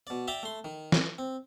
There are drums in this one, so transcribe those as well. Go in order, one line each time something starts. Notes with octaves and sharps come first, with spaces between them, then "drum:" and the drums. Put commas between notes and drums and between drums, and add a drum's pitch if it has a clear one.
B2 D5
D5 E5 G5 A#5 D6
A3 C6
D#3
drum: snare
C4